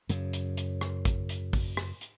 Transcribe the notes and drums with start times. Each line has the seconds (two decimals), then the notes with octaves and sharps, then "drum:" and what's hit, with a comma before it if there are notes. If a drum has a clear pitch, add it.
0.09 F#2 C#3, drum: hi-hat
0.33 drum: hi-hat
0.57 drum: hi-hat
0.81 drum: rim click
1.05 drum: kick A1, hi-hat
1.29 drum: hi-hat
1.53 drum: kick A1, open hi-hat
1.77 drum: rim click
2.01 drum: hi-hat